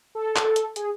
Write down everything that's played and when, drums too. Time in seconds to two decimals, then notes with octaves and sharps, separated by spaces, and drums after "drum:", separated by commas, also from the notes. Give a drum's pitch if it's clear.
0.15 A4
0.36 drum: clap
0.56 drum: hi-hat
0.76 G#4, drum: hi-hat